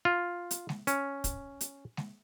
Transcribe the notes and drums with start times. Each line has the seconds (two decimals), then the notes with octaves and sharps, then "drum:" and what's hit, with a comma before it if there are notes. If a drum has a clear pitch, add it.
0.05 F4
0.51 drum: hi-hat
0.69 drum: snare G#3
0.87 C#4, drum: hi-hat
1.24 drum: kick, hi-hat
1.61 drum: hi-hat
1.97 drum: snare G#3